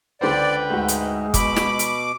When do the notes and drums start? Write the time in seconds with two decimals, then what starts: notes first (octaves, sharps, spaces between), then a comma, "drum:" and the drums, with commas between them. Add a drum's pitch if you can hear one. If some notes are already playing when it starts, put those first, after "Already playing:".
0.21 C#2 D3 B4 C5 D5 G5
0.70 D2 G#2 G#3 F#4
0.88 drum: hi-hat
1.34 B2 B5 D6, drum: kick, hi-hat
1.56 drum: snare
1.79 drum: hi-hat